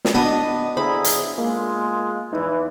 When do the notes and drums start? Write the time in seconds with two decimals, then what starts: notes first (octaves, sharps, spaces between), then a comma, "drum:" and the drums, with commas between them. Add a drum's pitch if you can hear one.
0.05 drum: snare
0.14 B3 D4 F#4 D#5 A5
0.77 D3 E4 G#4 C5 A#5 B5
1.04 drum: hi-hat
1.38 G#3 A#3 F4
2.33 E2 E3 D#4